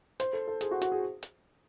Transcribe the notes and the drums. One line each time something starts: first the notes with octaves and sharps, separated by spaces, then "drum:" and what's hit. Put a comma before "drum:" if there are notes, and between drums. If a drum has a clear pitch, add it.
C5, drum: hi-hat
A4
A4
G#4, drum: hi-hat
F#4
F#4, drum: hi-hat
G#4
drum: hi-hat